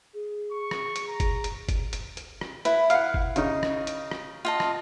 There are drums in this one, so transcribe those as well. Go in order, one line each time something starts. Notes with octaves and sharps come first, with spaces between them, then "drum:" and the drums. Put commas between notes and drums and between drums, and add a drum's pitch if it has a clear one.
G#4
C#6
drum: rim click
drum: hi-hat
A#5
drum: kick F#1, hi-hat
drum: hi-hat
drum: kick F#1, hi-hat
drum: hi-hat
drum: hi-hat
drum: rim click
E4 B4, drum: hi-hat
F5 F#5, drum: hi-hat
drum: kick F#1
C#3 D#4, drum: hi-hat
drum: rim click
drum: hi-hat
drum: rim click
F4 D#5 A5
drum: rim click